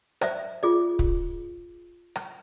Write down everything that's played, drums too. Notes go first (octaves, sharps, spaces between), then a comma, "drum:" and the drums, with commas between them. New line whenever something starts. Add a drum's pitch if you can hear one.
C5 D5 E5, drum: rim click
F4 G#4 D5
drum: kick
drum: rim click